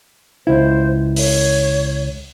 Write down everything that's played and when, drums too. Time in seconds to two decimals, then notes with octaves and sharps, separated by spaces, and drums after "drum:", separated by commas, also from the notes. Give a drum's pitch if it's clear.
0.47 C#2 E4 C5
1.16 C#5, drum: open hi-hat